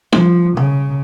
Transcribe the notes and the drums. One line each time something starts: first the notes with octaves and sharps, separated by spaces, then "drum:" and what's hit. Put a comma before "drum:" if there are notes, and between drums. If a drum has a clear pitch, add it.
F3, drum: tom
C#3, drum: tom